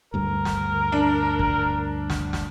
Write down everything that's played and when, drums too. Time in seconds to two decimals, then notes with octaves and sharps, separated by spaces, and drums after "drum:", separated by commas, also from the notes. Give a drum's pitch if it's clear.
0.14 D2 G2 G3 A#4
0.45 drum: snare
0.92 D4
1.39 drum: kick
2.10 drum: snare
2.33 drum: snare